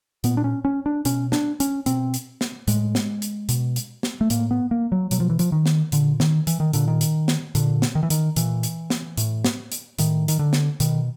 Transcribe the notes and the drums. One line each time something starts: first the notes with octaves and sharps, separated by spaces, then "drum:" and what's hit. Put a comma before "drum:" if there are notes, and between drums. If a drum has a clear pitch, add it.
A#2 B3, drum: hi-hat
D4
C#4
C#4
D4
B2 C#4, drum: hi-hat
D4, drum: snare
C#4, drum: hi-hat
B2 C4, drum: hi-hat
drum: hi-hat
drum: snare
A2 G#3, drum: hi-hat
drum: snare
drum: hi-hat
B2, drum: hi-hat
drum: hi-hat
drum: snare
A3
A2 A#3, drum: hi-hat
B3
A#3
F#3
B2 F#3, drum: hi-hat
F3
E3
F3, drum: hi-hat
D#3
drum: snare
A#2 D3, drum: hi-hat
D#3, drum: snare
E3, drum: hi-hat
D#3
A#2 D3, drum: hi-hat
D#3
drum: hi-hat
drum: snare
A#2 D3, drum: hi-hat
drum: snare
D#3
E3
D#3, drum: hi-hat
A#2 E3, drum: hi-hat
drum: hi-hat
drum: snare
A2, drum: hi-hat
drum: snare
drum: hi-hat
A2 D#3, drum: hi-hat
D#3, drum: hi-hat
D3
drum: snare
B2 D#3, drum: hi-hat